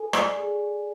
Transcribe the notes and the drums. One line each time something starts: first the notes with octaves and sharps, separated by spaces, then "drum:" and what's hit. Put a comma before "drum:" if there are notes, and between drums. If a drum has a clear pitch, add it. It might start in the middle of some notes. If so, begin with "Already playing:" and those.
Already playing: A4 G#5
D5, drum: rim click
G#4